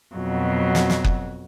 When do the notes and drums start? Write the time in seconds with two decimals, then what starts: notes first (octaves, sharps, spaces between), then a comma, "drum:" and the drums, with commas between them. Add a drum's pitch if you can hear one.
0.16 F2 B2 F#3
0.75 drum: snare
0.90 drum: snare
1.04 drum: kick F#1